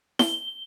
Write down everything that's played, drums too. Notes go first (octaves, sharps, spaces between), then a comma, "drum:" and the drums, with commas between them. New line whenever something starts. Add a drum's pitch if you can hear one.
G7, drum: snare E4